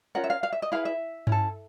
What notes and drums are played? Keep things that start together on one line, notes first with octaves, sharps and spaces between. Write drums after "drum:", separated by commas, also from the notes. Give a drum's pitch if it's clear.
C#4 F4 A#4 F#5
E5
F5
F5
E5
D#5
E4 G#4 B4 F5
E5
C#4 E4 A4, drum: tom G2